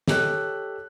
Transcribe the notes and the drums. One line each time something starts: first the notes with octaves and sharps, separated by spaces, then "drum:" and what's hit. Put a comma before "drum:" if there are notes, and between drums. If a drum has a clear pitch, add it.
G4 A4 C#5 D#5 F#6 E7, drum: snare